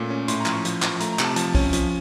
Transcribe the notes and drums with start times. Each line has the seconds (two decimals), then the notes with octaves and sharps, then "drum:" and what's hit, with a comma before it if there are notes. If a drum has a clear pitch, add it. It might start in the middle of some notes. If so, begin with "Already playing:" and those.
Already playing: A#2 A3 C#4
0.10 C#4
0.28 A2 C6, drum: hi-hat
0.40 A#5
0.46 F3, drum: clap
0.52 C#6
0.65 F3, drum: hi-hat
0.82 F3, drum: clap
1.00 A3 A#5, drum: hi-hat
1.13 A#5
1.19 C3, drum: clap
1.25 A5
1.36 F3 A5, drum: hi-hat
1.55 C#4, drum: kick, open hi-hat
1.73 F3, drum: hi-hat